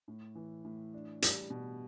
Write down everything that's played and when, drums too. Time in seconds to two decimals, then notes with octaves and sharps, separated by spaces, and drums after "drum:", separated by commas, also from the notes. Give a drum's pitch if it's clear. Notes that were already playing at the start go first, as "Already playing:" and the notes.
0.08 A2
0.35 E3
0.65 A2
0.94 D4
1.22 G3, drum: hi-hat
1.50 B2